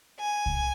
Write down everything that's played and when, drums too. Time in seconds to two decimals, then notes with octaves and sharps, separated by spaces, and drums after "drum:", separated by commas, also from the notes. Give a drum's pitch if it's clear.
0.20 G#5
0.46 drum: kick C2